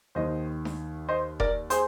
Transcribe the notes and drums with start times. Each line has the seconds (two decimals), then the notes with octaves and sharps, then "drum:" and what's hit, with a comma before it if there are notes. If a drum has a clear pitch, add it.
0.15 D#2 D#3 C5 D#5
0.65 drum: snare D4
1.09 C5 D#5
1.40 A#4 D5, drum: kick E1
1.70 G#4 C5, drum: hi-hat